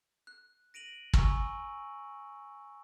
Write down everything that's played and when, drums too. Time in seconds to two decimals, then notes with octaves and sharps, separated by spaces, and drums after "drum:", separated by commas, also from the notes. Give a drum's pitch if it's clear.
0.27 F#6
0.74 A#6 D7 D#7 F7 F#7
1.13 G#5 A#5 C#6 E6, drum: kick